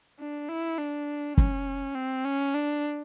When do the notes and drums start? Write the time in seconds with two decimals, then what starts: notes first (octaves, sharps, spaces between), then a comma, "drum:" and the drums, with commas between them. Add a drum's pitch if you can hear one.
0.20 D4
0.49 E4
0.78 D4
1.38 C#4, drum: kick
1.95 C4
2.25 C#4
2.55 D4